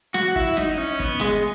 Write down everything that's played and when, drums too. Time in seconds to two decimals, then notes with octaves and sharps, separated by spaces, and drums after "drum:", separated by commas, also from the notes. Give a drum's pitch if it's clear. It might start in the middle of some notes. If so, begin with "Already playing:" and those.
0.14 F#4, drum: snare
0.36 E4, drum: kick
0.57 D#4, drum: snare
0.78 C#4
1.00 B3, drum: kick
1.21 G#3